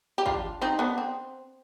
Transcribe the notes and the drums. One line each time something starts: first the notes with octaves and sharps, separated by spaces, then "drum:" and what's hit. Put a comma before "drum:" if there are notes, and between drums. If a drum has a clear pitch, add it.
G4
D4 F4, drum: kick G#1
C4 D#4
B3 D4
C4